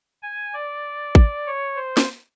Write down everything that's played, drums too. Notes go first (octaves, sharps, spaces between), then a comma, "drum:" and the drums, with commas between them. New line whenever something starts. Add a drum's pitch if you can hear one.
G#5
D5
drum: kick
C#5
C5
drum: snare